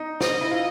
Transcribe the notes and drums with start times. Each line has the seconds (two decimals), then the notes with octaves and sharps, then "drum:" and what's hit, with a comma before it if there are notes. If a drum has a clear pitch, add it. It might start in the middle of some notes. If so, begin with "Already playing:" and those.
Already playing: D#4
0.21 D#5, drum: snare
0.41 E4
0.51 F4